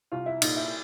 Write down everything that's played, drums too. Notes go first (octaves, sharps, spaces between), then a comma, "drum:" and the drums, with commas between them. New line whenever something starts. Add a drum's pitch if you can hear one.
C2 F4
E4
A#2 D#4, drum: cymbal
E4